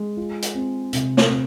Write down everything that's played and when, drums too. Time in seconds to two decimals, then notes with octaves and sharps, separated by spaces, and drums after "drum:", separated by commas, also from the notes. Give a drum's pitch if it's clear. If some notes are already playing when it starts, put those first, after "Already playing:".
Already playing: G#3
0.17 F4
0.42 drum: hi-hat
0.55 C4
0.93 C3, drum: hi-hat
1.17 drum: snare
1.30 C4